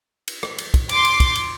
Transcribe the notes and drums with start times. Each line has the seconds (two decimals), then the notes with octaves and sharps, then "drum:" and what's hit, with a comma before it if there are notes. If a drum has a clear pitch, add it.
0.28 drum: cymbal
0.43 drum: rim click
0.58 drum: cymbal
0.74 drum: kick, cymbal
0.89 C6 D6, drum: cymbal
1.05 drum: cymbal
1.20 drum: kick, cymbal
1.35 drum: cymbal